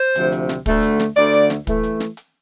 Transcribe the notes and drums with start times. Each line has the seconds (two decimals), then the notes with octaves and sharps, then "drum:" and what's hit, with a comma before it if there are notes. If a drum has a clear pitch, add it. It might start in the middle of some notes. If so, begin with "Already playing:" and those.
Already playing: C5
0.15 D2 C3 F3, drum: hi-hat
0.32 drum: hi-hat
0.49 drum: snare
0.66 D2 D3 A3, drum: kick, hi-hat
0.83 drum: hi-hat
0.99 drum: snare
1.16 D2 D3 A3 D5, drum: hi-hat
1.33 drum: hi-hat
1.50 drum: snare
1.67 E3 A3, drum: kick, hi-hat
1.83 drum: hi-hat
2.00 drum: snare
2.17 drum: hi-hat